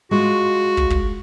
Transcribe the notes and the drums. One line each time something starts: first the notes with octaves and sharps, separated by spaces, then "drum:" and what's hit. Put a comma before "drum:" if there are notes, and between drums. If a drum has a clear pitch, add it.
G#3 F4 F#4
drum: kick
drum: kick